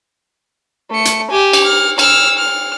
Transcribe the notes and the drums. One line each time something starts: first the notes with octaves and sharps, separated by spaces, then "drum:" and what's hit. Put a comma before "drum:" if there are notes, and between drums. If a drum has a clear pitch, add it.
A3 C#7
drum: hi-hat
G4 G#5
drum: cymbal
F6
E6 F6, drum: cymbal
F6